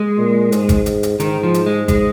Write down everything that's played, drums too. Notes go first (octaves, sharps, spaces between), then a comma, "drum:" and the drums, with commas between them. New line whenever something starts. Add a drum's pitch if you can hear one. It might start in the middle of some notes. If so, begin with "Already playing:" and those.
Already playing: G#3
A#2
G#2, drum: hi-hat
drum: kick G#1, hi-hat
drum: hi-hat
drum: hi-hat
G#2 D#3, drum: hi-hat
F3
drum: hi-hat
G#3
G#3, drum: kick G#1, hi-hat